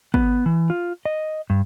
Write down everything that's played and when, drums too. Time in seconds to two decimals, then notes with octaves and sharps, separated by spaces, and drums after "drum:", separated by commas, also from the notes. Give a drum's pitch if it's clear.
0.14 B3, drum: kick
0.46 E3
0.70 F4
1.05 D#5
1.50 G2